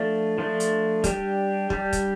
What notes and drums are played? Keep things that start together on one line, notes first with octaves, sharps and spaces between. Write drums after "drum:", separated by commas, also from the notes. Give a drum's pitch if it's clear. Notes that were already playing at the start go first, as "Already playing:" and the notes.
Already playing: F3 A3 D4
F3 A3 D4
drum: hi-hat
G3 D4 G4, drum: kick, hi-hat
G3 D4 G4, drum: kick
drum: kick, hi-hat